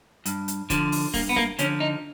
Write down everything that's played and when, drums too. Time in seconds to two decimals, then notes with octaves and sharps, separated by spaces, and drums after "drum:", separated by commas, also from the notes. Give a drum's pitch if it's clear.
0.26 G2, drum: hi-hat
0.48 drum: hi-hat
0.70 D3 F3, drum: kick, hi-hat
0.92 drum: open hi-hat
1.14 G2 A#3, drum: kick, open hi-hat
1.29 B3
1.36 A#3, drum: snare
1.59 D3 F3 C#4, drum: hi-hat
1.80 D#4